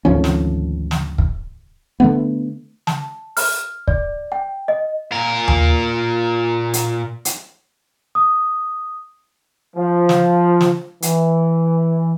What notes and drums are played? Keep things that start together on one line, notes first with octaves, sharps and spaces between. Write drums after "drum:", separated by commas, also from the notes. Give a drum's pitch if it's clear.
G#1 D2 F3 C#4
drum: snare
drum: snare
drum: kick
D3 A3 B3
A5, drum: snare
F6, drum: open hi-hat
D5, drum: kick
G5
D#5
A#2 A#4
drum: tom D#2
drum: hi-hat
drum: hi-hat
D#6
F3
drum: snare
drum: snare
E3, drum: hi-hat